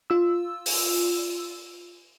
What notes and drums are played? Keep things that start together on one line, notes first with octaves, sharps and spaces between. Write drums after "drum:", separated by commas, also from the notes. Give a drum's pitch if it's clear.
F4 E6
drum: open hi-hat